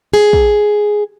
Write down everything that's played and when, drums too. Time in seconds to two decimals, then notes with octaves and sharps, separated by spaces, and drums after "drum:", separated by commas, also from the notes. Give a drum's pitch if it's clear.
0.13 G#4
0.33 drum: kick